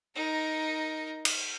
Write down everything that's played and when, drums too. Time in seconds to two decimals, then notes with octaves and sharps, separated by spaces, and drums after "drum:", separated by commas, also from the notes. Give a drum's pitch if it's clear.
0.16 D#4 A#4
1.25 drum: cymbal